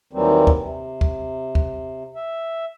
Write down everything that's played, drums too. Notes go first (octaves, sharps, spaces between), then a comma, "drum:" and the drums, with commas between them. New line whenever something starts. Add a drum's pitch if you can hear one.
D#2 D#3 E3 F#3 G3 C4
drum: kick
C3
drum: kick
drum: kick
E5